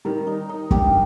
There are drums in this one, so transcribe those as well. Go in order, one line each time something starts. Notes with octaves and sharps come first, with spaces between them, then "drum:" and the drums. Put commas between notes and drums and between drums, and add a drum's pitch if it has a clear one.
D#3 G3 A#4
D#4
D#4
G2 G4, drum: kick